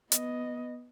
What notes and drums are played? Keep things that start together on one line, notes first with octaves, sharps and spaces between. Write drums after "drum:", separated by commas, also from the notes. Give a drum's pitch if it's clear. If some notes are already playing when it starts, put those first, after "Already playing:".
B3 D#5, drum: hi-hat